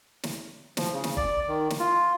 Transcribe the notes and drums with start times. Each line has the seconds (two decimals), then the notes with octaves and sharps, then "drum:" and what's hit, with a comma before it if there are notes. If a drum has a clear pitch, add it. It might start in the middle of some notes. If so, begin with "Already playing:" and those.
0.23 drum: snare
0.77 F3, drum: snare
0.93 C#3
1.04 drum: snare
1.17 D5, drum: kick G1
1.48 D#3
1.70 drum: snare
1.79 F4